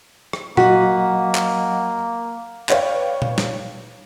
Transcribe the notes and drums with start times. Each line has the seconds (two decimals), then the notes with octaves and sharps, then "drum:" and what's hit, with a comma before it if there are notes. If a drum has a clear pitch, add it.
0.33 drum: rim click
0.57 F#3 A#3 F#4 D#5 F#5, drum: tom A#2
1.35 drum: clap
2.69 B4 C#5 D5 F5 G5, drum: clap
3.22 drum: tom A#2
3.38 drum: snare